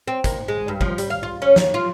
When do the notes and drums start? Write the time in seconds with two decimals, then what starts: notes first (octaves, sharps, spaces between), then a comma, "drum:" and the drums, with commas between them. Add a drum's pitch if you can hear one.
0.08 C4
0.24 A#3, drum: kick, hi-hat
0.48 G#3
0.68 G2
0.81 F3, drum: kick
0.98 G3, drum: hi-hat
1.10 F5
1.23 F4
1.42 C#4
1.56 D#2, drum: snare
1.74 F4